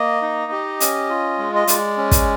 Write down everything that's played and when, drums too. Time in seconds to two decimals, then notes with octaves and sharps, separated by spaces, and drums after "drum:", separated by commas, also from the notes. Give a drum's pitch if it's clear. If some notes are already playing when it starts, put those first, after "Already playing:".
Already playing: A#3 D#5
0.22 D#4
0.52 G4
0.80 C#4, drum: hi-hat
1.10 F4
1.38 G#3
1.55 D#5
1.68 G#3 D5, drum: hi-hat
1.97 C#4
2.11 drum: kick, hi-hat